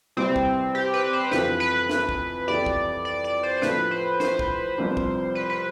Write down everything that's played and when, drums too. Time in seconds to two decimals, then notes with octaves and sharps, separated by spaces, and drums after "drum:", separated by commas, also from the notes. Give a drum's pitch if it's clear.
0.17 C3 G3 B3 C4 E4
0.36 drum: kick
0.75 G4
0.94 B4
1.13 C5
1.32 F2 E3 B3 F4 B4, drum: snare
1.60 B4
1.90 drum: snare
2.09 drum: kick
2.47 F2 E3 B3 E4 G4 D5
2.66 drum: kick
3.05 D5
3.24 D5
3.43 C5
3.57 C5
3.62 A2 F3 B3 B4, drum: snare
3.91 C5
4.20 C5, drum: snare
4.39 drum: kick
4.78 C2 C3 F3 B3 D4
4.97 drum: kick
5.35 B4
5.50 B4